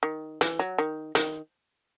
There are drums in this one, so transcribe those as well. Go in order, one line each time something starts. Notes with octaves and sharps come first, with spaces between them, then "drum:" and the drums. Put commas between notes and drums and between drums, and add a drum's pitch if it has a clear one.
D#3
E3, drum: hi-hat
F#3
D#3
D#3, drum: hi-hat